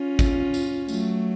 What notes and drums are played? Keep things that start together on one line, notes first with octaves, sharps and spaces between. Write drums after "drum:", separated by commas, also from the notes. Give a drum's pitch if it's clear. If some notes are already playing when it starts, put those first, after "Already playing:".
Already playing: C#4 F4
drum: kick G#1, tambourine
drum: tambourine
F#3 A3, drum: tambourine